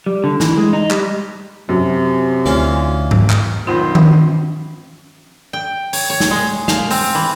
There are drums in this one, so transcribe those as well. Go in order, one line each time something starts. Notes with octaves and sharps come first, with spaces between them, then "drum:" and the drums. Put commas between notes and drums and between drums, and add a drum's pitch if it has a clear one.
G3
D3
E3, drum: snare
G#3
D#4
G3, drum: clap
F#2 C3
D2 E3 C#4 F4
drum: tom G#2
drum: clap
B1 G2 D#3 F4 C5 B5
drum: tom D#3
G5
C#5, drum: open hi-hat
C#5
drum: snare
G#3
F5, drum: snare
C4, drum: open hi-hat
E3